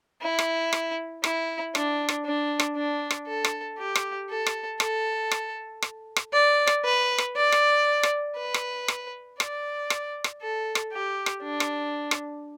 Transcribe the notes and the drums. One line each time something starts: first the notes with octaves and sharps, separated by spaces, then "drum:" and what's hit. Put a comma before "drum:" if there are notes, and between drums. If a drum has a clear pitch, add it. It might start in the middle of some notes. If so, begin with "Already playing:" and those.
E4
drum: rim click
drum: rim click
E4, drum: rim click
D4, drum: rim click
drum: rim click
D4
drum: rim click
D4
drum: rim click
A4
drum: rim click
G4
drum: rim click
A4
drum: rim click
A4, drum: rim click
drum: rim click
drum: rim click
drum: rim click
D5
drum: rim click
B4
drum: rim click
D5
drum: rim click
drum: rim click
B4
drum: rim click
drum: rim click
D5, drum: rim click
drum: rim click
drum: rim click
A4
drum: rim click
G4
drum: rim click
D4
drum: rim click
drum: rim click